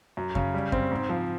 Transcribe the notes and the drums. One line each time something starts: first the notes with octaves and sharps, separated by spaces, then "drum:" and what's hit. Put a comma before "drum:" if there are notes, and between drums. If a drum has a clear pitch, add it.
F#2
C#3, drum: kick F#2
G3
C4, drum: kick F#2
G#2
F3